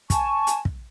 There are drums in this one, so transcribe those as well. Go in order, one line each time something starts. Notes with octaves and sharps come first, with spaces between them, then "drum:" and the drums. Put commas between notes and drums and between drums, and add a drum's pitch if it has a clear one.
G#5 A5 C#6, drum: kick, hi-hat
drum: hi-hat
drum: kick